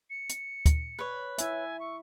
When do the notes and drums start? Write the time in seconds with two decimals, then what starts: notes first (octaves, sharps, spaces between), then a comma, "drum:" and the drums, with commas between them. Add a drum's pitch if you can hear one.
0.10 C#7
0.29 drum: hi-hat
0.66 drum: kick D2, hi-hat
0.99 B4 C#5
1.38 E4 E5 G#5, drum: hi-hat
1.80 C#6